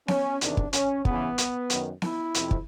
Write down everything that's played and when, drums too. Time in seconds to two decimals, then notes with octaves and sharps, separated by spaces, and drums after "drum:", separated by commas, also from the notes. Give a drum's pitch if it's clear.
0.08 C#4, drum: snare B3
0.41 E2 C3 D#3 D4, drum: hi-hat
0.57 drum: kick
0.73 C#4, drum: hi-hat
1.05 E2 C#3 E3 B3, drum: kick
1.38 drum: hi-hat
1.70 F#2 D#3, drum: hi-hat
2.02 E4, drum: snare B3
2.34 F2 C3, drum: hi-hat
2.51 drum: kick